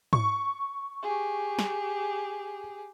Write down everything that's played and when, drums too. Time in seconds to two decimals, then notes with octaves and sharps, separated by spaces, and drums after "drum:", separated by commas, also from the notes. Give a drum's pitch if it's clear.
0.13 C#6, drum: tom G#2
1.03 G4 G#4
1.59 drum: snare